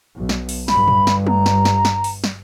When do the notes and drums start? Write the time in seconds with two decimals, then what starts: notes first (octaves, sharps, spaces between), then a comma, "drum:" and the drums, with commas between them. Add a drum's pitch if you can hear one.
0.16 B1
0.29 drum: snare
0.49 drum: open hi-hat
0.68 G1 G2 B5, drum: snare
0.88 drum: tom
1.07 drum: snare
1.27 A#5, drum: tom
1.46 drum: snare
1.65 drum: snare
1.85 drum: snare
2.04 drum: open hi-hat
2.24 drum: snare